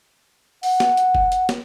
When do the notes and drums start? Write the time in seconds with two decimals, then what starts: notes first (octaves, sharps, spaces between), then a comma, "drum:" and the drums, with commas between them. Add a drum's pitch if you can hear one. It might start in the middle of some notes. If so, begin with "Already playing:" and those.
0.63 F#5, drum: open hi-hat
0.80 drum: snare
0.97 drum: hi-hat
1.15 drum: kick F1
1.32 drum: hi-hat
1.49 drum: snare